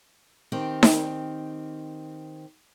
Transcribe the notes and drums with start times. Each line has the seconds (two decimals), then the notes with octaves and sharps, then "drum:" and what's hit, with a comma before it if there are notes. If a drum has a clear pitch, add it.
0.52 D#3 C4 G4
0.83 drum: snare D#4